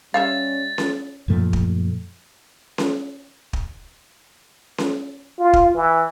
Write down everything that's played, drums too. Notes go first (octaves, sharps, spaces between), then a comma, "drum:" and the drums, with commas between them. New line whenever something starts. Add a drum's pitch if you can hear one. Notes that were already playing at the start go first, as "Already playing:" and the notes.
G3 C#4 C#5 E5 F5 A6
drum: snare C#4
F#2 A#2 F3 A3
drum: kick
drum: snare C#4
drum: kick
drum: snare C#4
F4
drum: kick
E3